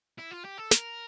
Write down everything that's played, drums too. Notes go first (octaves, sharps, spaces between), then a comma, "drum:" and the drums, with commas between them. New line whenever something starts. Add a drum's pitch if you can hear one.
E4
F4
G4
A4
A#4, drum: snare